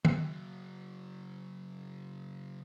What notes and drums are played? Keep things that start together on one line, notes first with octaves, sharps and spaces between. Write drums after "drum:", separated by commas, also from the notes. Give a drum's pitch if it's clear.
C#3 F#3, drum: tom